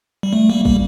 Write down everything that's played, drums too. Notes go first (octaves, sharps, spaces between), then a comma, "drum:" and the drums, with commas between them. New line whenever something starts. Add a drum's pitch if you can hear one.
G3
A3
G3 A#3
G3 A#3, drum: kick